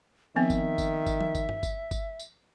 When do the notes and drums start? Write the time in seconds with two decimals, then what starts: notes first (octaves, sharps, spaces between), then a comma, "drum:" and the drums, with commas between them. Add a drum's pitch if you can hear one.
0.36 D#3 F3 B3 C4 E5
0.50 drum: kick G1, tambourine
0.78 drum: kick G1, tambourine
1.06 drum: kick G1, tambourine
1.21 drum: tom F3
1.35 drum: kick G1, tambourine
1.49 drum: tom G2
1.63 drum: kick G1, tambourine
1.91 drum: kick G1, tambourine
2.19 drum: tambourine